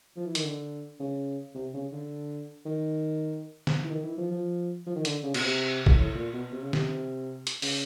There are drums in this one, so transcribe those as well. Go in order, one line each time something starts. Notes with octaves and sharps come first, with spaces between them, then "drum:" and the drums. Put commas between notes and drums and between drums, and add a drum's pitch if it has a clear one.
F3
E3
D#3, drum: hi-hat
D3
C#3
C3
C#3
D3
D#3
drum: snare
E3
D#3
E3
F3
F3
F3
D#3
D3, drum: hi-hat
C#3
B2, drum: cymbal
C3
drum: kick
A2
A#2
B2
C3
C#3
C3, drum: snare
drum: hi-hat
C#3, drum: open hi-hat